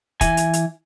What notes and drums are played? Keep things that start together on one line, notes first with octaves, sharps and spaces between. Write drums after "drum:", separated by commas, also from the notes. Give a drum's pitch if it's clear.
E3 G#5, drum: kick, hi-hat
drum: hi-hat
drum: hi-hat